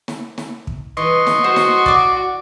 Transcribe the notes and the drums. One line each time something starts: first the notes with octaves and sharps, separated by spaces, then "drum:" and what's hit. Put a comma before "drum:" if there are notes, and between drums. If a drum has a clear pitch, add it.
drum: snare
drum: snare
drum: kick
E3 D#5 C6 C#6
drum: snare
F#4 C5
drum: snare
D5 D6, drum: kick